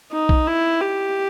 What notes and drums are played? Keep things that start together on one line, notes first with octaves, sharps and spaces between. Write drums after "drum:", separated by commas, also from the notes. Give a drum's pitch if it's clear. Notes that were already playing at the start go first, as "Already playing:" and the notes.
D#4
drum: kick B1
E4
G4